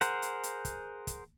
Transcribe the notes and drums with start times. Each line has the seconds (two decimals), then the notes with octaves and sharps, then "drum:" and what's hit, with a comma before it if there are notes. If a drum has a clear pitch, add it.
0.01 G#4 A#4 C5 F#5, drum: hi-hat
0.22 drum: hi-hat
0.43 drum: hi-hat
0.65 drum: kick, hi-hat
1.07 drum: kick, hi-hat